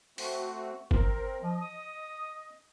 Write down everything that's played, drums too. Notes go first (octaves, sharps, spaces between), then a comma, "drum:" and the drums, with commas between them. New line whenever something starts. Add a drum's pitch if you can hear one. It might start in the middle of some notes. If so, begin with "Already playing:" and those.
A3 C4 F#4, drum: open hi-hat
C4 A#4, drum: kick G1
F3 D#5
D#6